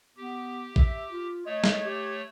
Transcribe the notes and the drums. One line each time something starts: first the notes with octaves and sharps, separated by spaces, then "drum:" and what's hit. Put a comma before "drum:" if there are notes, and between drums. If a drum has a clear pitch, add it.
B3 G4
E5, drum: kick A#1
F4
A3 C#5 D#5
drum: snare
G4